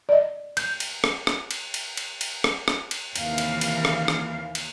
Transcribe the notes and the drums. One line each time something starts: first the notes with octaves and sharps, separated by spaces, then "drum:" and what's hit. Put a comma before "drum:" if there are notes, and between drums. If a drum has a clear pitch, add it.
D5 D#5
G6, drum: cymbal
drum: cymbal
drum: rim click
drum: rim click
drum: cymbal
drum: cymbal
drum: cymbal
drum: cymbal
drum: rim click
drum: rim click
drum: cymbal
D#2 C3 E3 F5, drum: cymbal
drum: cymbal
drum: cymbal
drum: rim click
drum: rim click
drum: cymbal